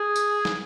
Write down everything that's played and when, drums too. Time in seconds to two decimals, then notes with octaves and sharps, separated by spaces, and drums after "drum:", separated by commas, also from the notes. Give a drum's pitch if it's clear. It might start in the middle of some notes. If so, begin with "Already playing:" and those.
Already playing: G#4
0.16 drum: tambourine
0.45 drum: snare